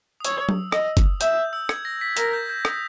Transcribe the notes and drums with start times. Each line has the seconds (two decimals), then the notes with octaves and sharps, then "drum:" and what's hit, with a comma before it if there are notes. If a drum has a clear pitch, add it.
0.20 D#6
0.25 C#5 E6, drum: hi-hat
0.49 drum: tom F#3
0.72 D#5, drum: rim click
0.97 drum: kick F#1, hi-hat
1.21 E5 G6, drum: hi-hat
1.53 E6
1.69 G#6, drum: rim click
1.85 A#6
2.01 B6
2.17 A#4 A#6, drum: hi-hat
2.33 G6
2.49 G6
2.65 D#6, drum: rim click